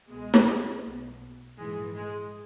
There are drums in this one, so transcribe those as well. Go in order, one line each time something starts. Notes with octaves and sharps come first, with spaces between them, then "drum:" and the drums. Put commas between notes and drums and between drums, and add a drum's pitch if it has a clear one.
C#2 B2 G#3
drum: snare
B1 B2
A#1 G#2 E3 G#3
G#3